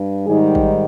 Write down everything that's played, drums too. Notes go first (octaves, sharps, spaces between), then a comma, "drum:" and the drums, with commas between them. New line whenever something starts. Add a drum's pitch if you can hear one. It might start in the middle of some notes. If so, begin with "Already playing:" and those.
Already playing: G2
G#2 D#3 G3 G#4
drum: kick